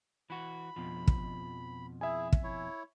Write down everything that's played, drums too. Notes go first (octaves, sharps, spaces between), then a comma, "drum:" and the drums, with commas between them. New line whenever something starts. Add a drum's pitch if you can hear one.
E3 F#4 B5
F2 B2 F3
drum: kick
E4 G#4 E5 G#5
drum: kick
E4 C#5